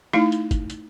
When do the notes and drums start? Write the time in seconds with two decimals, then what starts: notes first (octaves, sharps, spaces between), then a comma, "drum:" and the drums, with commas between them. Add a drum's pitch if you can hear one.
0.13 A3 D#4 E4, drum: rim click
0.32 drum: hi-hat
0.51 drum: kick, hi-hat
0.70 drum: hi-hat